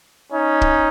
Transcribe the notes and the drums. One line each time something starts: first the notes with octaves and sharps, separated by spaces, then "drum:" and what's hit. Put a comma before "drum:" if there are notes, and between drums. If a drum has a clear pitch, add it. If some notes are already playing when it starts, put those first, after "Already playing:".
C#4 D#4
drum: kick